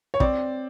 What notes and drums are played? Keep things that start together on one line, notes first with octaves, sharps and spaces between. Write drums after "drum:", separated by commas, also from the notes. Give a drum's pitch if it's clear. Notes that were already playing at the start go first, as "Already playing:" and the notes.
C#5
C4 D5, drum: kick